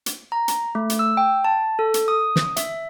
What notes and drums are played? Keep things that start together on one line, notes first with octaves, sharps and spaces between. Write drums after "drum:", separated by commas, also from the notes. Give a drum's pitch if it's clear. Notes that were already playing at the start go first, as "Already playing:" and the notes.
drum: hi-hat
A#5
drum: hi-hat
A3
drum: hi-hat
E6
G5
A5
A4
drum: hi-hat
D#6
drum: snare
E5, drum: hi-hat